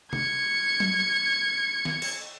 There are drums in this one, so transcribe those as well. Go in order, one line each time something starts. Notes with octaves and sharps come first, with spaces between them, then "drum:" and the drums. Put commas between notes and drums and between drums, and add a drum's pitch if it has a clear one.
G#6 C#7, drum: tom C3
drum: tom F#3
drum: snare
drum: cymbal